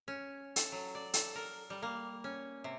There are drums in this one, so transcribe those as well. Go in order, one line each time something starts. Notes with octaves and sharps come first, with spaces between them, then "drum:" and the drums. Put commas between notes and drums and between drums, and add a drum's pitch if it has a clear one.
C#4
A4, drum: hi-hat
F#3
D5
A4, drum: hi-hat
A#4
G3
A#3
C#4
C3